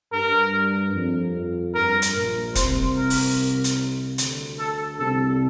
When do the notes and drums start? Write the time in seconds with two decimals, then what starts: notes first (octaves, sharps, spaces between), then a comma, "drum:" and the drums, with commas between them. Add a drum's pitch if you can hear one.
0.13 G2 A#4
0.94 F2
1.75 G2 A#4
2.02 drum: hi-hat
2.15 A#1 A#2
2.55 C2 C3 C5, drum: kick E1, hi-hat
2.97 A#4
3.10 drum: open hi-hat
3.64 drum: hi-hat
4.18 D2 D3, drum: hi-hat
4.59 A4
4.99 C2 C3 A4